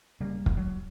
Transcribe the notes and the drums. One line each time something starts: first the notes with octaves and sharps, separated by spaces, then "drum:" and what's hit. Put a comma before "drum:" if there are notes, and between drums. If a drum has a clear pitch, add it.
E1 C#3 G3 A#3
drum: kick
F#3